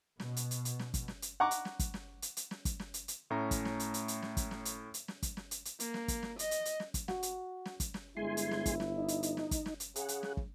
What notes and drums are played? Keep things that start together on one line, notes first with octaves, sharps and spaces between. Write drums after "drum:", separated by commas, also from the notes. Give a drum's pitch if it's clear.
B2, drum: snare
drum: hi-hat
drum: hi-hat
drum: hi-hat
drum: snare
drum: kick, hi-hat
drum: snare
drum: hi-hat
F#5 A#5 C#6 D6
drum: hi-hat
drum: snare
drum: kick, hi-hat
drum: snare
drum: hi-hat
drum: hi-hat
drum: snare
drum: kick, hi-hat
drum: snare
drum: hi-hat
drum: hi-hat
A2 A3 C#4 A#5
drum: kick, hi-hat
drum: snare
drum: hi-hat
drum: hi-hat
drum: hi-hat
drum: snare
drum: kick, hi-hat
drum: snare
drum: hi-hat
drum: hi-hat
drum: snare
drum: kick, hi-hat
drum: snare
drum: hi-hat
drum: hi-hat
A#3, drum: hi-hat
drum: snare
drum: kick, hi-hat
drum: snare
D#5, drum: hi-hat
drum: hi-hat
drum: hi-hat
drum: snare
drum: kick, hi-hat
F#4, drum: snare
drum: hi-hat
drum: snare
drum: kick, hi-hat
drum: snare
G1 G#3 E4 G#5 C6
drum: hi-hat
drum: snare
drum: kick, hi-hat
drum: snare
D#4
drum: hi-hat
drum: hi-hat
drum: snare
drum: kick, hi-hat
drum: snare
drum: hi-hat
C#3 G#4 F#5, drum: hi-hat
drum: hi-hat
drum: snare
drum: kick